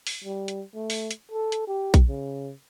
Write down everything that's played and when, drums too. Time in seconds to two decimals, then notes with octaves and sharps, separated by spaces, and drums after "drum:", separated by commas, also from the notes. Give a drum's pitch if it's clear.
0.07 drum: open hi-hat
0.24 G3
0.48 drum: hi-hat
0.75 A3
0.90 drum: open hi-hat
1.11 drum: hi-hat
1.31 A4
1.52 drum: hi-hat
1.67 G4
1.94 drum: kick A#1, hi-hat
2.08 C#3